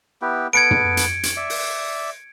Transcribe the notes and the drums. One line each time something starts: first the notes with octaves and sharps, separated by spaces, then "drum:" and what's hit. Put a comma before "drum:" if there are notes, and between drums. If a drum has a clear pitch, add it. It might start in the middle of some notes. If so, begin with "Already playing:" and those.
B3 E4 G4
B3 A4 B4 G#6 C#7 D7
drum: tom
drum: hi-hat
drum: hi-hat
D5 E5
drum: open hi-hat